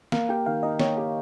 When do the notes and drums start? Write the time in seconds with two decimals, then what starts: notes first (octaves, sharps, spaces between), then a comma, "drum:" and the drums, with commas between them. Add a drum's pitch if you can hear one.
0.12 A#3 F5, drum: snare
0.29 G4 G5
0.46 D#3 F5
0.63 D#4 D#5
0.80 A#3 C#5, drum: snare
0.97 G4